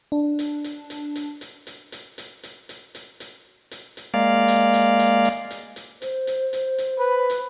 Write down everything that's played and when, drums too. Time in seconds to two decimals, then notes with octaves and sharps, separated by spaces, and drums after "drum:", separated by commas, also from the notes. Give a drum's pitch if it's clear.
0.12 D4
0.39 drum: hi-hat
0.64 drum: hi-hat
0.90 drum: hi-hat
1.16 drum: hi-hat
1.41 drum: hi-hat
1.67 drum: hi-hat
1.92 drum: hi-hat
2.18 drum: hi-hat
2.43 drum: hi-hat
2.69 drum: hi-hat
2.95 drum: hi-hat
3.20 drum: hi-hat
3.71 drum: hi-hat
3.97 drum: hi-hat
4.14 G#3 A#3 D5 F5
4.48 drum: hi-hat
4.74 drum: hi-hat
4.99 drum: hi-hat
5.25 drum: hi-hat
5.51 drum: hi-hat
5.76 drum: hi-hat
6.02 C5, drum: hi-hat
6.27 drum: hi-hat
6.53 drum: hi-hat
6.78 drum: hi-hat
6.99 B4
7.30 drum: hi-hat